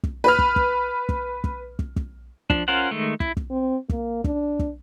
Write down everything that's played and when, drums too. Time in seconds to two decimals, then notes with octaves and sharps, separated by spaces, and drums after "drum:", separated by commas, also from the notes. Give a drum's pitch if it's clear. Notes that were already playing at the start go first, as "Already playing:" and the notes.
0.03 drum: kick
0.24 B4 F6
0.39 drum: kick
0.56 drum: kick
1.09 drum: kick
1.44 drum: kick
1.79 drum: kick
1.96 drum: kick
2.50 F3 D4, drum: kick
2.68 C#4 F4 A#4 C5 F#5
2.91 D#3 G#3 A3
3.20 E4, drum: kick
3.37 drum: kick
3.50 C4
3.89 A#3, drum: kick
4.24 D4, drum: kick
4.59 drum: kick